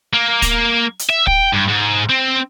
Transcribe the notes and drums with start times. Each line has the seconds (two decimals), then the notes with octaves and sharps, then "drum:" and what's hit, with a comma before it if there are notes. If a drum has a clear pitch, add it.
0.13 A#3
0.42 drum: kick, hi-hat
0.99 drum: hi-hat
1.10 E5
1.27 G5, drum: kick
1.53 G2
1.68 G#2
2.10 C4